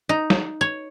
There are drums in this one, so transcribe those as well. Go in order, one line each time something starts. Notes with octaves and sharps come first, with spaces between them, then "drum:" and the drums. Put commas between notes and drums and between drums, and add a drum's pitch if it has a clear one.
D#4
drum: snare
C#5